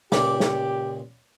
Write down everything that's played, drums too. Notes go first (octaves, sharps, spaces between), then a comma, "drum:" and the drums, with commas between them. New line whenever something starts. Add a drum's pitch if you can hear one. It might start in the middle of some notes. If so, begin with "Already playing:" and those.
C#2 A#2 G4 D5 D6, drum: snare
drum: snare